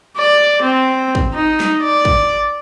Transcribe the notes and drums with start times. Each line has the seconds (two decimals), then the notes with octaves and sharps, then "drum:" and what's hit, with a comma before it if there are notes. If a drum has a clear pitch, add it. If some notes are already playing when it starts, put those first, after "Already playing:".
0.17 D5
0.62 C4
1.15 drum: kick
1.35 D#4
1.60 drum: snare
1.83 D5
2.05 drum: kick